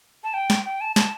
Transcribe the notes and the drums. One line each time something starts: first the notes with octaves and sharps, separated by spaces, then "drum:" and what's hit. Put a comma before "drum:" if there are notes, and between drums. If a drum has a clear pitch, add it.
A5
G5
drum: snare
G5
A5
A5, drum: snare